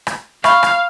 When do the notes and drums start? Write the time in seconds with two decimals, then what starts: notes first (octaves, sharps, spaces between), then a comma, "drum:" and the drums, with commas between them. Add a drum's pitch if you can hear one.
0.07 drum: rim click
0.44 E5 F5 B5 C#6, drum: rim click
0.63 drum: rim click